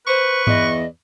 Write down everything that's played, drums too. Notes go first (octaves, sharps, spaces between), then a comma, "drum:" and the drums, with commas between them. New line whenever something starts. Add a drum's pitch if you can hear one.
B4 C5 C#6
E2 D#5, drum: tom G2